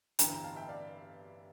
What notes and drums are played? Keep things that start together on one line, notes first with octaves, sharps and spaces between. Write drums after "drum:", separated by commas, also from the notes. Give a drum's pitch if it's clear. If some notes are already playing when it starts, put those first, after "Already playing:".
G1 G2 E3 G5 A#5, drum: hi-hat
G5 A#5
F5 A5
E5 G5
D5 F5